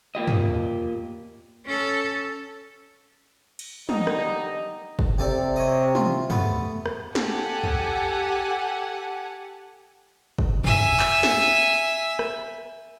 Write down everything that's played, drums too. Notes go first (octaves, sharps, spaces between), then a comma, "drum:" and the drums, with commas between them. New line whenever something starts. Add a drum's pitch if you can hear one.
A#3 F4 G4 D#5
drum: tom
C#4 A4
drum: cymbal
D3 G3 D4 D#4, drum: tom
drum: rim click
drum: kick
C3 G4 A4 D5
C#5 D#5
F4, drum: tom
A3 B3 B4, drum: tom
drum: rim click
G4 A4 F#5 G#5, drum: snare
drum: tom
drum: kick
E5 G#5, drum: tom
drum: clap
drum: snare
drum: rim click